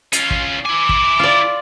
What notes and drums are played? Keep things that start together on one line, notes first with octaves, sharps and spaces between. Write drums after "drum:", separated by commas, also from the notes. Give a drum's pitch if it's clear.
C#4 F4, drum: hi-hat
drum: kick
E4 G#5 D6
drum: kick
F4 D5